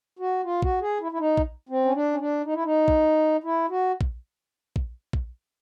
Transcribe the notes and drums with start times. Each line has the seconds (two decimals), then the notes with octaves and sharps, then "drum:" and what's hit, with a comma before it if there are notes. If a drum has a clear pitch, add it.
0.19 F#4
0.44 F4
0.62 F#4, drum: kick
0.81 G#4
1.00 E4
1.12 E4
1.19 D#4
1.37 drum: kick
1.69 C4
1.85 C#4
1.94 D4
2.13 C#4
2.20 D4
2.44 D#4
2.54 E4
2.64 D#4
2.88 drum: kick
3.44 E4
3.70 F#4
4.01 drum: kick
4.76 drum: kick
5.13 drum: kick